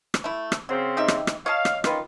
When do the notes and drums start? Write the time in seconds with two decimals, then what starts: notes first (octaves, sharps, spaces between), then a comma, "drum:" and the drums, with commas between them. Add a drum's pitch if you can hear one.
0.14 drum: rim click
0.24 A3 E4
0.52 drum: rim click
0.69 C#3 F#3 C4
0.97 D#4 G4 E5
1.08 drum: rim click
1.27 drum: rim click
1.46 C#5 D#5 F5 A5
1.65 drum: rim click
1.84 D#3 C#4 F4 B4, drum: rim click